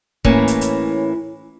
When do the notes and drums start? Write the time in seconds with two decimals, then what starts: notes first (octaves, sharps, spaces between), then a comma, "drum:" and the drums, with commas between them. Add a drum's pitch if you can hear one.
0.25 A2 E3 A#3 C#4, drum: kick
0.48 drum: hi-hat
0.61 drum: hi-hat